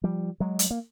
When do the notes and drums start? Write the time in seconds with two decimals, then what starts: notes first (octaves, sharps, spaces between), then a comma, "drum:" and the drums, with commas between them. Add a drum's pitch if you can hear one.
0.03 F3 G3
0.40 F#3 G#3
0.59 drum: hi-hat
0.71 A#3